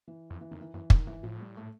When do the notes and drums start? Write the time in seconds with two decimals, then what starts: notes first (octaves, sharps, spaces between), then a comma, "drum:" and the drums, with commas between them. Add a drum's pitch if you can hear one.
0.08 E3
0.30 F2
0.41 E3
0.51 F2 D#3
0.61 E3
0.74 F#2 E3
0.90 G2 D#3, drum: kick
1.07 G#2 E3
1.23 A2 F3
1.40 G3
1.57 A3